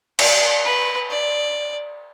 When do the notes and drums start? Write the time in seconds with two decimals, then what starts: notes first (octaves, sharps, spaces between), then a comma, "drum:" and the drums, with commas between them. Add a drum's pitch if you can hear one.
0.19 D5, drum: cymbal
0.65 B4
1.10 D5